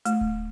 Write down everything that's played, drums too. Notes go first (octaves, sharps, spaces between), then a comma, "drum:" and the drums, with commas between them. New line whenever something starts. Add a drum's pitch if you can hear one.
A3, drum: hi-hat
drum: kick D1